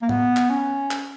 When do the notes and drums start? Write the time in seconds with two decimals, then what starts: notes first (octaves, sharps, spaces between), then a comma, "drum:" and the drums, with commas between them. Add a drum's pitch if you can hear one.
0.02 A#3
0.09 B3, drum: tom A2
0.37 drum: clap
0.50 C#4
0.91 drum: clap